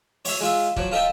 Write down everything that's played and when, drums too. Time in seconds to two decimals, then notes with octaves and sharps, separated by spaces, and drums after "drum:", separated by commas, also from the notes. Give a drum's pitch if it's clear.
0.25 C#5 E5, drum: open hi-hat
0.40 G#3 F4 E5
0.76 F3 F#3, drum: kick
0.91 F4 A4 D#5 E5 G5